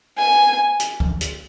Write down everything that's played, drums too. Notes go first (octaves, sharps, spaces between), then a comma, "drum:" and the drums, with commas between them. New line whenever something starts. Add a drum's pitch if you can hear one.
G#5
drum: hi-hat
drum: kick C#2
drum: hi-hat